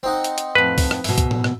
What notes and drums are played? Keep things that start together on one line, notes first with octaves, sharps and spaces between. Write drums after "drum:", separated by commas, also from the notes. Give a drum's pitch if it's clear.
C4 D#4 F#5
drum: hi-hat
drum: hi-hat
F2 A2 B4
drum: kick, open hi-hat
drum: rim click
G#2 B2 E5, drum: open hi-hat
drum: kick, hi-hat
drum: tom A2
drum: rim click